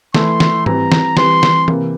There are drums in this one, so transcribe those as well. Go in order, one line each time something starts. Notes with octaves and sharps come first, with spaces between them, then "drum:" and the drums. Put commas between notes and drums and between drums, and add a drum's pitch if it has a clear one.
E3 A3 E4 A4 C6, drum: snare
drum: snare
E3 G3 C4 A#5, drum: tom G#2
drum: snare
E3 G3 C4 C6, drum: snare
drum: snare
C3 E3 A#3, drum: tom E3